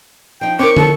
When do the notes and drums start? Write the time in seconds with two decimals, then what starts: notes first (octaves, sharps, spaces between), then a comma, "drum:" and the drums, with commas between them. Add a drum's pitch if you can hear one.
0.41 F3 D#4 G5
0.59 C4 C#4 D#4 A#4 C#6 D6
0.77 A4, drum: tom